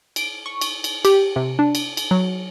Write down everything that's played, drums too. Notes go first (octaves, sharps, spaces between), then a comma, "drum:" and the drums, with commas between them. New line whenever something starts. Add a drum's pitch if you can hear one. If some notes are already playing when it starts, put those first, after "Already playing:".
D7, drum: cymbal
C#6
drum: cymbal
drum: cymbal
G4, drum: cymbal
C3
D4
drum: cymbal
drum: cymbal
F#3